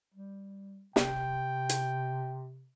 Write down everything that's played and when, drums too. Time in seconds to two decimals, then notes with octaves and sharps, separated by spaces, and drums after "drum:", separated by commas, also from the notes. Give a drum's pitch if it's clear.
0.15 G3
0.96 C3 G5, drum: snare
1.69 drum: hi-hat